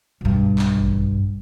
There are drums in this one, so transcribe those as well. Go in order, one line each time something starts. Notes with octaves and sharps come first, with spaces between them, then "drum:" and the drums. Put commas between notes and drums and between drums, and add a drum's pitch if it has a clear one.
B1 G2
drum: clap
drum: kick A1